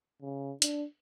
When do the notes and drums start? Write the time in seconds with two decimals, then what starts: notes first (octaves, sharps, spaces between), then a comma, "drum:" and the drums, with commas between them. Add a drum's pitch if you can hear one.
0.22 C#3
0.62 D4, drum: hi-hat